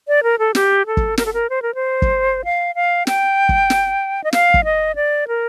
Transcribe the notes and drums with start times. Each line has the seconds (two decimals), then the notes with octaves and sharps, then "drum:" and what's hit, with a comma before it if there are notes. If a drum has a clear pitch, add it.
0.08 D5
0.23 A#4
0.39 A4
0.55 G4, drum: snare
0.86 A4
0.97 drum: kick
1.18 A#4, drum: snare
1.26 A4
1.33 A#4
1.50 C5
1.62 A#4
1.75 C5
2.02 drum: kick
2.45 F5
2.75 F5
3.07 G5, drum: snare
3.49 drum: kick
3.70 drum: snare
4.24 D#5
4.33 F5, drum: snare
4.54 drum: kick
4.64 D#5
4.96 D5
5.28 A#4